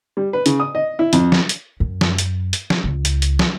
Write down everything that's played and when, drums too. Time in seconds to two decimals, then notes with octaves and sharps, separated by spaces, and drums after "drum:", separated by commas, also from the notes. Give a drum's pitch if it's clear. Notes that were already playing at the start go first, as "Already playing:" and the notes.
0.17 G3
0.33 B4
0.46 C#3, drum: hi-hat
0.60 D#6
0.75 D#5
0.99 E4
1.13 F2, drum: hi-hat
1.32 drum: snare
1.49 drum: hi-hat
1.80 F#2
2.01 drum: snare
2.18 drum: hi-hat
2.53 drum: hi-hat
2.70 drum: snare
2.84 C#2
3.05 drum: hi-hat
3.22 drum: hi-hat
3.39 drum: snare